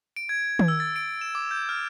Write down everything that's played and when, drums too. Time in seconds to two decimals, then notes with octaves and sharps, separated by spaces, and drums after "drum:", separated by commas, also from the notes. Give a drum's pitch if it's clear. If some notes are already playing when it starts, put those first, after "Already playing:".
0.16 D7
0.29 G#6
0.59 drum: tom D#3
0.68 E6
0.80 A6
0.96 D7
1.21 E7
1.35 D6
1.51 G6
1.69 F6